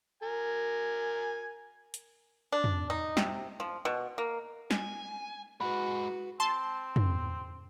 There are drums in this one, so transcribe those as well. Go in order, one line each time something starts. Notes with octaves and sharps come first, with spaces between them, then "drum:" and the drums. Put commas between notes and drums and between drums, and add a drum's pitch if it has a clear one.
A#4 G#5
drum: hi-hat
D4
drum: tom
D#4
C3, drum: snare
F3
B2
A#3
G#5, drum: snare
G#3 F#4 B4 F#5 B5
C4 A5 C6
drum: tom